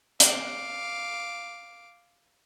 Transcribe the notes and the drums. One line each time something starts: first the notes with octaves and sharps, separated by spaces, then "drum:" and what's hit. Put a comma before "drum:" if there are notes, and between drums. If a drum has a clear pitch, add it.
F5 D6, drum: hi-hat